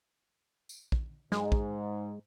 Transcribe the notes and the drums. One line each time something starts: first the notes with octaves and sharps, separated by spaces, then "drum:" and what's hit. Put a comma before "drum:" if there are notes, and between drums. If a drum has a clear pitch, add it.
drum: tambourine
drum: kick
G#2 G#3, drum: snare
drum: kick